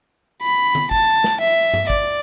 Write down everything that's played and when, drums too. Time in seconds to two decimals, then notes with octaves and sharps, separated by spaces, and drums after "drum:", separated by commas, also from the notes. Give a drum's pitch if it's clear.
0.42 B5
0.75 drum: tom D3
0.91 A5, drum: kick
1.24 drum: snare
1.41 E5
1.73 drum: tom G2
1.90 D5, drum: kick